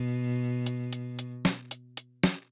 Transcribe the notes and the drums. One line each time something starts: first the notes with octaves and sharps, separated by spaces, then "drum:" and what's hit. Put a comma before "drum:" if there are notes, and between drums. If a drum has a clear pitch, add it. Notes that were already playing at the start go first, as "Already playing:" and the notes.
Already playing: B2
drum: hi-hat
drum: hi-hat
drum: hi-hat
drum: snare
drum: hi-hat
drum: hi-hat
drum: snare